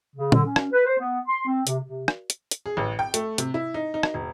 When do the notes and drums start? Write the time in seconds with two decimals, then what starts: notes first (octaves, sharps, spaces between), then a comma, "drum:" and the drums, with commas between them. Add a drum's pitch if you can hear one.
0.16 C#3
0.32 D3, drum: tom
0.44 C#4
0.56 drum: rim click
0.72 B4
0.86 C5
0.99 B3
1.28 C6
1.46 C4
1.67 C3, drum: hi-hat
1.83 C3
2.08 drum: rim click
2.30 drum: hi-hat
2.51 drum: hi-hat
2.66 G#4
2.77 A1
2.99 G5
3.14 A3, drum: hi-hat
3.38 C3, drum: hi-hat
3.54 E4
3.74 D#4
3.94 D#4
4.03 drum: rim click
4.14 E1